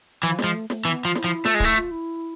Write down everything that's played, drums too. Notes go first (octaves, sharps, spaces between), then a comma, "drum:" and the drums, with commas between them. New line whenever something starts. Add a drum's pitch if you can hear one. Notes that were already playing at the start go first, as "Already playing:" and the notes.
E3 F3
G#3, drum: snare
F3
A3
A3, drum: snare
E3 B3
F3 F4
E4, drum: snare
F3
A3 F4, drum: snare
G#3
A3 E4, drum: kick C#1
F4
E4